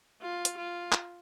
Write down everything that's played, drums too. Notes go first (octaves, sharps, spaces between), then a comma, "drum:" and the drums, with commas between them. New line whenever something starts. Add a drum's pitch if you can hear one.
F4
drum: hi-hat
F4
drum: clap